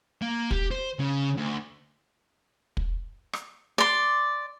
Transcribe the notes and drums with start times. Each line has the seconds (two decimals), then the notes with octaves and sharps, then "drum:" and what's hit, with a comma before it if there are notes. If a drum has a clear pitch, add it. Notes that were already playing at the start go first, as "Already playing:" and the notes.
0.22 A#3
0.51 G4, drum: kick
0.71 C5
1.00 C#3
1.38 D2
2.77 drum: kick
3.33 drum: rim click
3.78 D5 C6